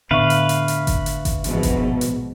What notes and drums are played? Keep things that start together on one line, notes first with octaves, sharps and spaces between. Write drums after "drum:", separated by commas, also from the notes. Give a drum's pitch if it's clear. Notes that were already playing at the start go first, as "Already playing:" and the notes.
A2 D3 B3 B4 E5 F5 C#6
drum: hi-hat
drum: hi-hat
drum: hi-hat
drum: kick G1, hi-hat
drum: hi-hat
drum: kick G1, hi-hat
A#1 G#2 B2, drum: hi-hat
drum: kick G1, hi-hat
drum: hi-hat